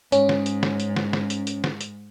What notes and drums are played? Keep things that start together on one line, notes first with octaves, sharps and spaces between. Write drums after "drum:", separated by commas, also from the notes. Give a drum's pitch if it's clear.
G#2 C#4, drum: hi-hat
drum: snare
drum: hi-hat
drum: snare
drum: hi-hat
drum: snare
drum: snare
drum: hi-hat
drum: hi-hat
drum: snare
drum: hi-hat